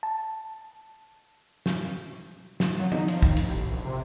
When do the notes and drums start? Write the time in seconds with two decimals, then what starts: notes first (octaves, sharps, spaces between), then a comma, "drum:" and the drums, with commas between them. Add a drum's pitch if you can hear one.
0.03 A5
1.66 drum: snare
2.60 drum: snare
2.79 F#3
2.92 D#4, drum: tom D#3
3.08 F3, drum: cymbal
3.22 D#3, drum: kick
3.37 A1, drum: cymbal
3.57 A1
3.70 A#1
3.85 C3